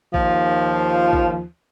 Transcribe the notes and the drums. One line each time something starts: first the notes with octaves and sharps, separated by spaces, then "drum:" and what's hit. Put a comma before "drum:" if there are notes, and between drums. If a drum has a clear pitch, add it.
D#2 F3, drum: kick A1
drum: kick A1